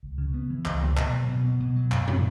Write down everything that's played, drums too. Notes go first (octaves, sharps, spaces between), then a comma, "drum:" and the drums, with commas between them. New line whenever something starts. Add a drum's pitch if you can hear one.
C#2
C#3
B3
E3
C#2, drum: clap
C#3, drum: tom D3
B2, drum: clap
F#3
B2
B3
B2
F#3
F#2, drum: clap
C#3, drum: tom